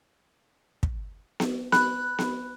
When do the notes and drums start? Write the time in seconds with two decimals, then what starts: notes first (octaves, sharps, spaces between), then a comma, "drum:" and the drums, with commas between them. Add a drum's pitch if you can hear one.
0.83 drum: kick
1.40 drum: snare B3
1.72 B5 F#6, drum: snare B3
2.19 drum: snare B3